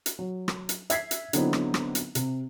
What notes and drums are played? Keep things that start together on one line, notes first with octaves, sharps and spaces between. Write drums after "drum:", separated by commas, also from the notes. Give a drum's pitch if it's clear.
drum: hi-hat
F#3
drum: rim click
drum: hi-hat
E5 G#6 B6 C7, drum: hi-hat
drum: hi-hat
D3 F#3 B3 C4 D#4 E4, drum: hi-hat
drum: rim click
drum: rim click
drum: hi-hat
C3, drum: hi-hat